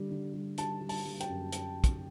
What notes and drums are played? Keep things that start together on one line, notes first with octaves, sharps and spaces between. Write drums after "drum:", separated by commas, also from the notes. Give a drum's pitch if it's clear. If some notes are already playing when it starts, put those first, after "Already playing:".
Already playing: D3 G3
D3
G3
G3 A5, drum: hi-hat
G3
A5, drum: open hi-hat
G3
G5, drum: hi-hat
F#2
drum: hi-hat
drum: kick, hi-hat